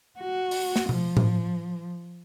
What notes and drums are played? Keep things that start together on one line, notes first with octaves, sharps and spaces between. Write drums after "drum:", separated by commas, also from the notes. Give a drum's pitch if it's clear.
F#4
drum: open hi-hat
drum: snare
F3, drum: tom B2
drum: tom A2